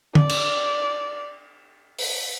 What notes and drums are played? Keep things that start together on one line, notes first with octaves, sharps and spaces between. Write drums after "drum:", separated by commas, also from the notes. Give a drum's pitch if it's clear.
D5, drum: tom
drum: cymbal
drum: open hi-hat